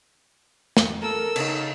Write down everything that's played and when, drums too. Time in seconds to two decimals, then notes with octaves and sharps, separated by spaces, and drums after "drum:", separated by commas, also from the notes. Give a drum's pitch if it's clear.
0.77 drum: snare
1.02 A4 A#4 E6
1.36 C#3 D#4, drum: cymbal